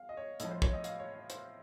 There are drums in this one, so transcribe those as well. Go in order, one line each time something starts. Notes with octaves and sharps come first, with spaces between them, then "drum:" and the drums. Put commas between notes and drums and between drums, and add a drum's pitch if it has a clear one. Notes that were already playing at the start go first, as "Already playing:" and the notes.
Already playing: F5
D#5
C#5
A2 F3 D#5, drum: hi-hat
C5
C#5, drum: kick
D#5
F5, drum: hi-hat
C#5
C#5
C5, drum: hi-hat